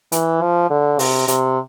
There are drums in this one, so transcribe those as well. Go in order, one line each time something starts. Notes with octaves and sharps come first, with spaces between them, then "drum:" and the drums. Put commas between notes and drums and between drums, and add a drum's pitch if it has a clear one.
E3, drum: hi-hat
F3
D3
C3, drum: open hi-hat
C3, drum: hi-hat